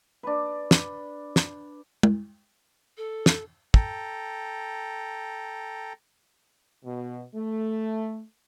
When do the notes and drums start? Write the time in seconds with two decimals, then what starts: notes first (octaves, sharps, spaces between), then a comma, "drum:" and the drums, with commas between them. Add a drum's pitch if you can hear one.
0.23 D4 B4
0.71 drum: snare
1.36 drum: snare
2.03 drum: tom
2.97 A4
3.26 drum: snare
3.74 A4 G5 A#5, drum: kick
6.84 B2
7.35 A3